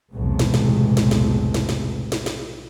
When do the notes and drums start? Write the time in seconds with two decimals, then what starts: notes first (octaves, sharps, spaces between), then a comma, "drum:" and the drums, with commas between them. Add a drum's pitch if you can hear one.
0.11 B1 E2 A2 C3 G#3
0.39 drum: snare
0.54 drum: snare
0.97 drum: snare
1.11 drum: snare
1.54 drum: snare
1.69 drum: snare
2.12 drum: snare
2.26 drum: snare